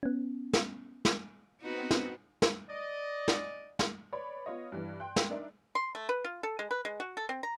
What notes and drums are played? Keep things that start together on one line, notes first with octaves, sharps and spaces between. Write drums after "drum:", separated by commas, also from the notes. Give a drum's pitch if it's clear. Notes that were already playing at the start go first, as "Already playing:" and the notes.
B3 C#4
drum: snare
drum: snare
B3 C4 D#4 F#4 B4
drum: snare
drum: snare
D5 D#5
drum: snare
drum: snare
B4 C#5 D5 B5
B3 F4 C#5 D#5
G2 E3
G5 C6 F#6
drum: snare
D4 D#4 A#4 D5 E5
C6
A3
B4
F4
A4
G#3
B4
G#3
F#4
A4
C4
A#5